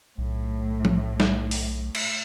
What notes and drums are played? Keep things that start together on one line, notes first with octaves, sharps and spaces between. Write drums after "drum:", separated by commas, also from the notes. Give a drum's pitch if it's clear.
B1 A2
drum: tom F3
drum: snare
drum: open hi-hat
drum: cymbal